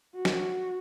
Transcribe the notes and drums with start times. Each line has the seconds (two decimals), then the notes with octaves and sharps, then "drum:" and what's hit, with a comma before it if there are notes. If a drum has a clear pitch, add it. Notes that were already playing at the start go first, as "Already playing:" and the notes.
0.15 F#4
0.25 drum: snare